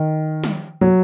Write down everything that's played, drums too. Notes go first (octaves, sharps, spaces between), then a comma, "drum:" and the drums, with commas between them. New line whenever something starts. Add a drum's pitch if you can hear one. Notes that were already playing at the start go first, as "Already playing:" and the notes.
Already playing: D#3
drum: snare
F#3